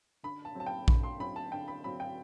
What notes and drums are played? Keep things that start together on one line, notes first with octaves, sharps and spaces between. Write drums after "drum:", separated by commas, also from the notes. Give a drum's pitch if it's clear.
D3 B5
A5
F#3 C4 A5
G5
D3 B5, drum: kick A#1
C6
F#3 C4 B5
A5
D3 G5
B5
F#3 C4 B5
G5